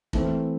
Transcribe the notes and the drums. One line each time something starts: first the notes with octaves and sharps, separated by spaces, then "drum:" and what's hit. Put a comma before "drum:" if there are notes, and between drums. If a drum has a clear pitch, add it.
E3 A3 C4, drum: kick